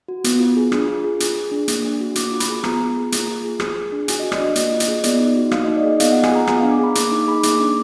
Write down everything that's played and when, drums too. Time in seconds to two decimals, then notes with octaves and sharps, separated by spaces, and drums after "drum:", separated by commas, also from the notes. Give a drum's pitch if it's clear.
0.08 F#4
0.24 B3, drum: hi-hat
0.40 F4
0.57 G#4
0.72 D4, drum: rim click
0.88 F4
1.04 G#4
1.20 G#4, drum: hi-hat
1.36 G#4
1.52 D4
1.68 A#3, drum: hi-hat
1.85 D4
2.00 F#4
2.15 A#3 D6, drum: hi-hat
2.32 F4
2.40 B5, drum: hi-hat
2.49 G#4
2.64 B3 A#5, drum: rim click
2.80 F4
2.97 G#4
3.12 A#3, drum: hi-hat
3.28 F4
3.44 G#4
3.60 G#4, drum: rim click
3.76 G#4
3.92 D4
4.08 F#4 G#5, drum: hi-hat
4.20 D#5
4.24 F#4
4.32 D5, drum: rim click
4.39 D4 D#5
4.55 A#3 D#5, drum: hi-hat
4.71 F4
4.80 D#5, drum: hi-hat
4.88 G#4
5.04 B3 D5, drum: hi-hat
5.20 D#4
5.36 F#4
5.51 A#3 F5, drum: rim click
5.64 D#5
5.68 D#4
5.76 D5
5.84 G#4 D#5
6.00 B3 F5, drum: hi-hat
6.12 F#5
6.15 F4
6.23 G#5, drum: rim click
6.32 G#4 A#5
6.47 B3 G#5, drum: rim click
6.60 F5
6.63 D4
6.71 D6
6.79 G#4 B5
6.95 A#3 D6, drum: hi-hat
7.11 D#4 D6
7.27 G#4 B5
7.43 A#3 D6, drum: hi-hat
7.59 D4